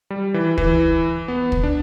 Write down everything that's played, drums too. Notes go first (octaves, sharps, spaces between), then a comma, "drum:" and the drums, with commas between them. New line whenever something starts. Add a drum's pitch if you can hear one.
G3
E3
E3, drum: kick
B3
drum: kick
D4